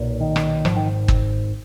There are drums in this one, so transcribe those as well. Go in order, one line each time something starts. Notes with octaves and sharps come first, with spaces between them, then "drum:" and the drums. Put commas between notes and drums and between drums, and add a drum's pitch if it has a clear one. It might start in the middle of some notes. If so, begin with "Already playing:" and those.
Already playing: B1 A#2
D#3
drum: rim click
G#1 G#2 F3, drum: rim click
D#3
drum: kick